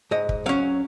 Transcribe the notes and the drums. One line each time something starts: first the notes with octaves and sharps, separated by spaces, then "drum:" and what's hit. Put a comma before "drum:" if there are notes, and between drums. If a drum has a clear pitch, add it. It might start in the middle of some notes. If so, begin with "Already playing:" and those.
G#2 D#5
drum: kick
F#3 C#4 F5